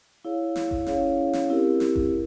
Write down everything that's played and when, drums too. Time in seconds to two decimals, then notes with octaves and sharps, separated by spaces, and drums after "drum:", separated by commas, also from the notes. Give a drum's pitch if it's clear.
0.25 E4 G#4 C#5 F5
0.56 drum: snare
0.71 drum: kick F#1
0.86 C#4 E4 G#4 C#5 F5, drum: snare
1.33 drum: snare
1.49 C4 E4 G4 A#4
1.80 drum: snare
1.96 drum: kick F#1